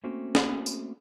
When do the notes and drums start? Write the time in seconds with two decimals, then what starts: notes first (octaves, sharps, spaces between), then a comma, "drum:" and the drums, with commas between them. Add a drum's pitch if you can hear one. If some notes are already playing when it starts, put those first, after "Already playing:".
0.04 A3 A#3 C4 C#4 F#4
0.35 drum: snare
0.66 drum: tambourine